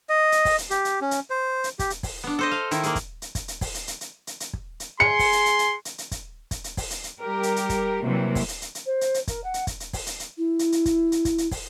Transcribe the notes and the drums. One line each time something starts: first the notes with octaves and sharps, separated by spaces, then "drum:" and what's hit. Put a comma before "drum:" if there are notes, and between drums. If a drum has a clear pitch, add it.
D#5
drum: hi-hat
drum: kick, open hi-hat
drum: hi-hat
G4, drum: hi-hat
drum: hi-hat
C#4
drum: hi-hat
C5
drum: hi-hat
G4, drum: kick, hi-hat
drum: hi-hat
drum: kick, open hi-hat
B3 D4
A4 C5 D#5
F5
D#3 E4, drum: hi-hat
A#3 G#4, drum: hi-hat
drum: kick, hi-hat
drum: hi-hat
drum: kick, hi-hat
drum: hi-hat
drum: kick, open hi-hat
drum: hi-hat
drum: hi-hat
drum: hi-hat
drum: hi-hat
drum: hi-hat
drum: kick
drum: hi-hat
G#4 C6 C#7
drum: kick, open hi-hat
drum: hi-hat
drum: hi-hat
drum: hi-hat
drum: hi-hat
drum: hi-hat
drum: kick, hi-hat
drum: kick, hi-hat
drum: hi-hat
drum: kick, open hi-hat
drum: hi-hat
drum: hi-hat
G3 G4 A#4
drum: hi-hat
drum: hi-hat
drum: kick, hi-hat
C3 E3 F#3 G3 A#3
drum: kick, open hi-hat
drum: hi-hat
drum: hi-hat
drum: hi-hat
C5
drum: hi-hat
drum: hi-hat
A#4, drum: kick, hi-hat
F#5
drum: hi-hat
drum: kick, hi-hat
drum: hi-hat
drum: kick, open hi-hat
drum: hi-hat
drum: hi-hat
E4
drum: hi-hat
drum: hi-hat
drum: kick, hi-hat
drum: hi-hat
drum: kick, hi-hat
drum: hi-hat
drum: kick, open hi-hat